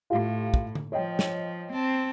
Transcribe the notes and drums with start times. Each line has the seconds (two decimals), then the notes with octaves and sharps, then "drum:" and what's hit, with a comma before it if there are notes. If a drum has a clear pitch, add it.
0.10 A2 F4 G4 F5
0.54 drum: kick
0.75 drum: tom D3
0.92 F3 C#5 D#5 G5
1.19 drum: snare
1.72 C4 A5